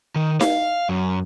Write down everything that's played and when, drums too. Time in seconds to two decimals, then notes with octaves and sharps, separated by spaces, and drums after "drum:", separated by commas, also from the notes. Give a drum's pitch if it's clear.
0.16 D#3
0.41 F5, drum: snare D#4
0.89 F#2